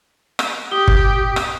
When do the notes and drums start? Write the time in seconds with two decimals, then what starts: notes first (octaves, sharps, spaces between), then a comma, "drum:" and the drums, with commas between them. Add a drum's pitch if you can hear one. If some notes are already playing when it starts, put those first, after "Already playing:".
0.39 drum: rim click
0.71 G4 G5 D#6 G7
0.88 drum: kick
1.36 drum: rim click